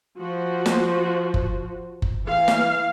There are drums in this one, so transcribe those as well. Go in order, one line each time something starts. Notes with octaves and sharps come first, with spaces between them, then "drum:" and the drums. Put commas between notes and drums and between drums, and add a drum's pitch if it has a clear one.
F3 F#4
drum: snare
drum: kick F#1
drum: kick F#1
E3 F5
drum: snare